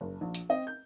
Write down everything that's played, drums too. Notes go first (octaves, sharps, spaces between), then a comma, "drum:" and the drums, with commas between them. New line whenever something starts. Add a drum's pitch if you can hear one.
F#1
A#1
drum: hi-hat
C4 D#5
G6